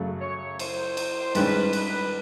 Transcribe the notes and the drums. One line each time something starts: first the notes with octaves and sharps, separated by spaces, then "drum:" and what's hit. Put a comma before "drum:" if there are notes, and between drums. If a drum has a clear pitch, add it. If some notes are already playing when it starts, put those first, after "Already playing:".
Already playing: F#2 C#3 F#3 A3
C#5
C5, drum: cymbal
drum: cymbal
G2 D#3 G#3 C#4 B4, drum: cymbal
B4, drum: cymbal